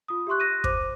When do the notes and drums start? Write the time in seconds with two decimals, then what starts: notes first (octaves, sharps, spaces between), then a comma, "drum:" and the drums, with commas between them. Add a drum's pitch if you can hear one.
0.08 F4 D#6
0.27 G4 E5 C6 C#6 F#6
0.40 F#6 A#6 D#7
0.64 C5 D6, drum: kick